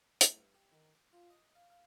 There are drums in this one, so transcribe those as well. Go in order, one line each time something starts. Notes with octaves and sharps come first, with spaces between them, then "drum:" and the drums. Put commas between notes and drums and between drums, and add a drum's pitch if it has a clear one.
A2, drum: hi-hat
G2
G4
D#3
D6
F4
D#5
F5
F5